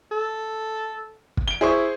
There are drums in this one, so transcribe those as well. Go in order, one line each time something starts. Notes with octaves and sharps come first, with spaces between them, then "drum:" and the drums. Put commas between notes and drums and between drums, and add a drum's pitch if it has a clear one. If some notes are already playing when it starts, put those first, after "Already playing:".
A4
drum: kick
D7 G7
E4 G#4 C5 C#6